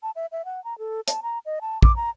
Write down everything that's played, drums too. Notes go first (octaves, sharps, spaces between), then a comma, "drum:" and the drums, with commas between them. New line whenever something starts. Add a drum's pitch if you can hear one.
A5
E5
E5
F#5
A#5
A4
A5, drum: hi-hat
A#5
D#5
A5
D6, drum: kick
A#5